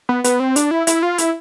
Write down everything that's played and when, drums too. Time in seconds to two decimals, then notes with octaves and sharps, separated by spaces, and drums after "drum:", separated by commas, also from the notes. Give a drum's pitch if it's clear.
0.09 B3
0.24 B3, drum: hi-hat
0.40 C4
0.56 D4, drum: hi-hat
0.71 E4
0.87 E4, drum: hi-hat
1.03 F4
1.18 E4, drum: hi-hat